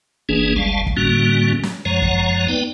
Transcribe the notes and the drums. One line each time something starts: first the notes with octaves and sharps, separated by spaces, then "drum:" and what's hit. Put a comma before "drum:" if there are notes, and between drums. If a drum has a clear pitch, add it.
G1 E3 A#3 C#4 D4 G#4
G1 C#2 G3 G#3 F5 A5
drum: kick
A2 D3 G3 A#3 C#4 F#4
drum: snare
F#2 F3 G#3 C#5 F#5 A#5
drum: kick
B3 D#4 B4 D5 G5